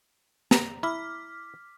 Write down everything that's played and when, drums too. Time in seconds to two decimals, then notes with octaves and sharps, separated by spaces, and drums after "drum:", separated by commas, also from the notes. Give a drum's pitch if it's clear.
0.51 A#5, drum: snare
0.83 E4 D6 F6 B6